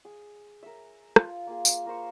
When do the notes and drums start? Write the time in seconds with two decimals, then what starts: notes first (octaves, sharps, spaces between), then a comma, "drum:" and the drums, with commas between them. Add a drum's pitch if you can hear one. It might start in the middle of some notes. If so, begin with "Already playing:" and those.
0.05 G#4
0.63 A#4 E5
1.16 F4, drum: rim click
1.47 A#3 G#4
1.65 drum: tambourine
1.86 A#3 A#4 C5 C#6